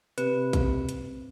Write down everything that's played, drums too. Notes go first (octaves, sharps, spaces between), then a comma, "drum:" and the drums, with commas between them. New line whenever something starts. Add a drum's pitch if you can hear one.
C3 B4, drum: hi-hat
drum: kick, hi-hat
drum: hi-hat